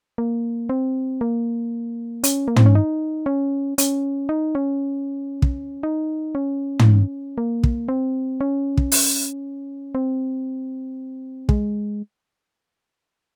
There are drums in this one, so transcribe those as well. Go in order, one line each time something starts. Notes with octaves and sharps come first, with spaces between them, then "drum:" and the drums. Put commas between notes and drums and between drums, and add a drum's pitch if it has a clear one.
A#3
C4
A#3
C#4, drum: hi-hat
A#3
C4, drum: tom
C#4
D#4
C#4
C#4, drum: hi-hat
D#4
C#4
drum: kick
D#4
C#4
drum: tom
A#3
drum: kick
C4
C#4
drum: kick
drum: open hi-hat
C4
G#3, drum: kick